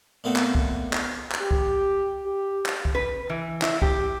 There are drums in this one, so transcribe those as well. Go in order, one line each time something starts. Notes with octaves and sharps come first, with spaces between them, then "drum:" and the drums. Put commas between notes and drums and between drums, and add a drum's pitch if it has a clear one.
A#2 A3 B3 C4
drum: clap
drum: kick
drum: clap
drum: clap
G4
drum: kick
G4
drum: clap
drum: kick
B4
E3
E4, drum: clap
G4, drum: kick